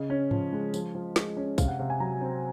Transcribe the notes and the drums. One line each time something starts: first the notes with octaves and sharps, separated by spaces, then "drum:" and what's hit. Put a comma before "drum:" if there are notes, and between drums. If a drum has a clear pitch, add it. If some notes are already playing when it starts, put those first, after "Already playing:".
Already playing: C#3 D#5
C#4
F3, drum: tom G#2
G#3
F3, drum: tambourine
F3
G#3, drum: snare
C#4
C3 F5, drum: kick, tambourine
F#5
C3 F5
G#5
F#3 A#5
C4